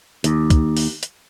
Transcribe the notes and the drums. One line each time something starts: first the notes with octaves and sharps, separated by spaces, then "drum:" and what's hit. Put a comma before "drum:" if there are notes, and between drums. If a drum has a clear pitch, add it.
D#2, drum: hi-hat
drum: kick, hi-hat
drum: open hi-hat
drum: hi-hat